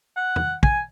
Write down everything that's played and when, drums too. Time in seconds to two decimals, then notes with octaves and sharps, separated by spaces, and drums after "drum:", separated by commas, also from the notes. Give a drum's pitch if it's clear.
0.16 F#5
0.36 drum: tom E2
0.63 G#5, drum: kick